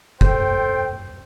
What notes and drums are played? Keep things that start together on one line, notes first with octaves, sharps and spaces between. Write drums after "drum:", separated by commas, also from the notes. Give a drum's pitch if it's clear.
A4 C5 G5, drum: kick